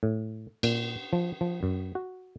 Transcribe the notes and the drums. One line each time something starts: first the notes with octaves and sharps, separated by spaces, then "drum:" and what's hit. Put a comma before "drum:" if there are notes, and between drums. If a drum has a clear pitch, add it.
A2
A#2, drum: cymbal
F3
F3
F#2
F#4